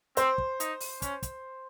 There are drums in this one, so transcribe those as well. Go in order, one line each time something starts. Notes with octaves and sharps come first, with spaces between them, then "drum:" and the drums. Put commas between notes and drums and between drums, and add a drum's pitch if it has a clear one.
C4 C5, drum: hi-hat
drum: kick
D#4, drum: hi-hat
drum: open hi-hat
C#4, drum: kick, hi-hat
drum: kick, hi-hat